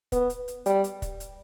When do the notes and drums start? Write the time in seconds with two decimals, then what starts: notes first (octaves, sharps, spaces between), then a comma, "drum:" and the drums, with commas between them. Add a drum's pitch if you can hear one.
0.12 B3, drum: kick, hi-hat
0.30 drum: hi-hat
0.48 drum: hi-hat
0.66 G3, drum: hi-hat
0.84 drum: hi-hat
1.02 drum: kick, hi-hat
1.20 drum: hi-hat